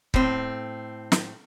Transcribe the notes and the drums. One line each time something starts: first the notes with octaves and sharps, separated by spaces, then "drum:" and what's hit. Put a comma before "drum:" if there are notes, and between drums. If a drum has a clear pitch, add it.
A2 C4, drum: kick
drum: snare